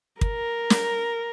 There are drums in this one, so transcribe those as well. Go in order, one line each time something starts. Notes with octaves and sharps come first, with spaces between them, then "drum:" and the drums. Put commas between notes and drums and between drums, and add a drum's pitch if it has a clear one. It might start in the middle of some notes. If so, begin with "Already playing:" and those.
A#4, drum: kick
drum: snare